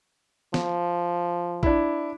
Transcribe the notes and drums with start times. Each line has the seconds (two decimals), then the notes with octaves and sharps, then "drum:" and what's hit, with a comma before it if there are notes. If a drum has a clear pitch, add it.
0.54 F3, drum: snare
1.63 D4 E4, drum: kick